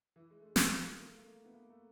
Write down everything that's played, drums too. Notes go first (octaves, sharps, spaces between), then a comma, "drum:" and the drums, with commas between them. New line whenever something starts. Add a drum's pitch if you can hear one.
E3
G#3
A3
G#3
A#3, drum: snare
A3
A3
A#3
A3
B3
A#3
A3